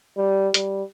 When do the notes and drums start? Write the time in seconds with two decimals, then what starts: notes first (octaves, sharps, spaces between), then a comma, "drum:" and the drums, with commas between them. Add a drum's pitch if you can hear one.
0.17 G3
0.54 G3, drum: hi-hat